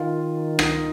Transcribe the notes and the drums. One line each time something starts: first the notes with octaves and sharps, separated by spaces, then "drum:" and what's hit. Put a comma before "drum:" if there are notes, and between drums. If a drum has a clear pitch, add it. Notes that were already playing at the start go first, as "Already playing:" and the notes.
Already playing: D#3 F4
D#4, drum: rim click